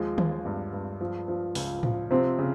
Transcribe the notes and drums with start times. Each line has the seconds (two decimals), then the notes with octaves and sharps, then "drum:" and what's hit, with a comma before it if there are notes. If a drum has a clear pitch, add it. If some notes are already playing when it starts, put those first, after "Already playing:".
Already playing: D#2 F3 G#3
0.18 F3, drum: tom D#3
0.45 G2
0.73 G2
1.01 F3
1.28 F3
1.55 C#2, drum: open hi-hat
1.83 F3, drum: tom A2
2.10 C3 F3 C4
2.39 C#3